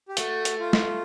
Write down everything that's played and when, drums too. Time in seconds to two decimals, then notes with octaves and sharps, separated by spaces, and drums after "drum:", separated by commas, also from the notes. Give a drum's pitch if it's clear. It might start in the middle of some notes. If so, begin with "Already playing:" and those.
0.09 G4
0.17 A3 F#4, drum: hi-hat
0.45 drum: hi-hat
0.60 F4
0.73 drum: snare